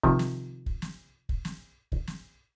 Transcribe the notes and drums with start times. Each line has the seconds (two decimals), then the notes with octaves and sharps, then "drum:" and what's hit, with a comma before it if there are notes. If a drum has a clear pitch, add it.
0.03 C3 D#3 F3, drum: kick
0.19 drum: snare
0.66 drum: kick
0.82 drum: snare
1.29 drum: kick
1.45 drum: snare
1.92 drum: kick
2.07 drum: snare